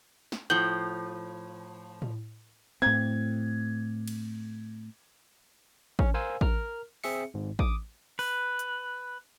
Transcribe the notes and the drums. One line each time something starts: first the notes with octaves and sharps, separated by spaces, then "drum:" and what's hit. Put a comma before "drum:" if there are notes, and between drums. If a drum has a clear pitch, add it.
drum: snare
A2 F3 G6 F#7 G7
drum: tom A2
A2 C4 G#6
drum: cymbal
C#4, drum: kick A1
A#4 C5 F5 G#5 E6
A#4 F6, drum: kick A1
C4 G#4 E5 C#7, drum: open hi-hat
G#1 G#2
D6 D#6, drum: kick A1
B4, drum: open hi-hat
drum: hi-hat